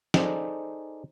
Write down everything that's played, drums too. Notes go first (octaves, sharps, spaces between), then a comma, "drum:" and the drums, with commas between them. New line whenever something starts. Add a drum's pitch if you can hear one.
D#4 G#4 A4 C5 D5, drum: snare